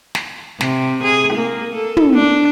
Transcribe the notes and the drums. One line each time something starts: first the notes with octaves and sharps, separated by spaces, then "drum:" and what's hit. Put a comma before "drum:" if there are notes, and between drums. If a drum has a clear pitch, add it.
drum: snare
C3, drum: snare
G#4
A#3
A4
drum: tom
D4